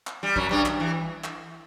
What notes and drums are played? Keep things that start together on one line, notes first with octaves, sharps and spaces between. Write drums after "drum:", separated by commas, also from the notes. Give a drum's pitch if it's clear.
drum: clap
G3
F#2 F#3, drum: kick
G2 G3
drum: clap
E3
drum: clap